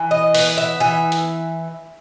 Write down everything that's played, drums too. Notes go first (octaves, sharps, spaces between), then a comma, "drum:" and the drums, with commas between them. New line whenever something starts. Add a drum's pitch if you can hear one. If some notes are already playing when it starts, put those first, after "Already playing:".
Already playing: E3
D#5
B3, drum: open hi-hat
E5
E3 E5
drum: hi-hat